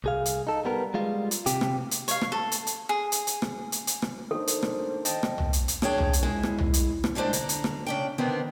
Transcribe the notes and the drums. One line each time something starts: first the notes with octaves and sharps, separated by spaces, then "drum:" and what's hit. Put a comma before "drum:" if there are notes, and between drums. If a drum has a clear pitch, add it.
C2 G#4 F5
drum: hi-hat
D#4 A4
G3 B3 A#4
G3 G#3 F4
drum: hi-hat
C3 G4, drum: hi-hat
drum: rim click
drum: hi-hat
C#5 F5, drum: hi-hat
drum: rim click
A4
drum: hi-hat
drum: hi-hat
G#4
drum: hi-hat
drum: hi-hat
drum: rim click
drum: hi-hat
drum: hi-hat
drum: rim click
D#3 D4 A4 C5
drum: hi-hat
drum: rim click
D#5 G5 A5, drum: hi-hat
drum: rim click
drum: tom C2
drum: hi-hat
drum: hi-hat
D4 G#4 C#5 G5, drum: rim click
drum: tom C2
drum: hi-hat
G#3 E4
drum: rim click
drum: tom C2
drum: hi-hat
drum: rim click
D3 G3 G#3 D4 C5
D3 A#5, drum: hi-hat
drum: hi-hat
drum: rim click
C#3 D4 G5
D3 D#3 B3 C4 D4